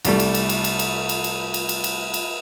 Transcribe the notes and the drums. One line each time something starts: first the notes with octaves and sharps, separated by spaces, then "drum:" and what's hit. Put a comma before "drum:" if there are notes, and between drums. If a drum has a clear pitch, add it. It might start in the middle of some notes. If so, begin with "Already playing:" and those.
C2 G3 A3, drum: cymbal
drum: cymbal
drum: cymbal
drum: cymbal
drum: cymbal
drum: cymbal
drum: cymbal
drum: cymbal
drum: cymbal
drum: cymbal
drum: cymbal
drum: cymbal